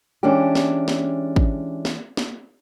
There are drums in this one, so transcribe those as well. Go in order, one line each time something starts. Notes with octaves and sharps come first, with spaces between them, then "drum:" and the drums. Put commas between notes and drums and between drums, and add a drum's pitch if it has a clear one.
E3 G#3 C#4 D4 G4
drum: snare
drum: snare
drum: kick
drum: snare
drum: snare